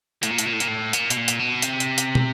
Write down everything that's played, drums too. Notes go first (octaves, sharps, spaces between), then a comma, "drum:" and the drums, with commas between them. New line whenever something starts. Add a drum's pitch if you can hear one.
A2, drum: hi-hat
A#2
A2, drum: hi-hat
A#2
A2
A#2, drum: hi-hat
A2
A#2, drum: hi-hat
B2, drum: hi-hat
A#2
drum: hi-hat
B2
C3, drum: hi-hat
drum: hi-hat
drum: hi-hat
drum: tom